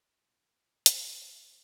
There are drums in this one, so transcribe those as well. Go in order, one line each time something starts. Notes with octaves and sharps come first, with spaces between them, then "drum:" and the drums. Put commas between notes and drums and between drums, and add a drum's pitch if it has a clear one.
A#2 D4
A#5
drum: hi-hat
E3 D#4